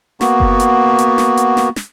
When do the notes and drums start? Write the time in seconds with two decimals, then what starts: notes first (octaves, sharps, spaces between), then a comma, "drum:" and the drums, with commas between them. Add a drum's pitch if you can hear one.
0.21 A#3 B3 F#4, drum: snare
0.40 drum: kick F#1
0.60 drum: hi-hat
0.98 drum: hi-hat
1.18 drum: snare
1.37 drum: hi-hat
1.57 drum: snare
1.76 drum: snare